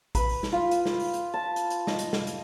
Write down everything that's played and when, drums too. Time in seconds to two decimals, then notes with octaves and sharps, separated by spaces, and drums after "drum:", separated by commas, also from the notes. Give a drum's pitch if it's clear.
0.15 B4, drum: kick, hi-hat
0.29 drum: open hi-hat
0.43 drum: snare
0.52 F4
0.71 drum: hi-hat
0.86 drum: snare
1.00 drum: open hi-hat
1.14 drum: hi-hat
1.34 A5
1.56 drum: hi-hat
1.70 drum: hi-hat
1.87 D#5, drum: snare
1.99 drum: hi-hat
2.13 drum: snare
2.27 drum: hi-hat